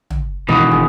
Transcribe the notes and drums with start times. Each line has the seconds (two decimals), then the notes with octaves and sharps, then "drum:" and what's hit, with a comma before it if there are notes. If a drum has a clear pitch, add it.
0.10 drum: tom
0.49 B2 D#3 E3 D#5, drum: kick
0.71 G#3